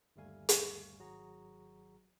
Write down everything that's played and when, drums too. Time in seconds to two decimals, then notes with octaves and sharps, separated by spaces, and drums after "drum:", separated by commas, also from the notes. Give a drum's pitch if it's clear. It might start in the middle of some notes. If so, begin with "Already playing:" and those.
0.16 G1 D#2 G3 A3 F5 G#5
0.49 drum: hi-hat
0.99 G#1 F#3 F#4 G#4 A#5